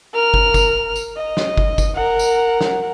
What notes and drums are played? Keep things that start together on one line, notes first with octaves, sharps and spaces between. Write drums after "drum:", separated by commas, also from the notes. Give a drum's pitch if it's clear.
A#4 F6
drum: kick
drum: kick, tambourine
drum: tambourine
D#5
drum: snare
drum: kick
drum: kick, tambourine
A#4 F#5
drum: tambourine
drum: snare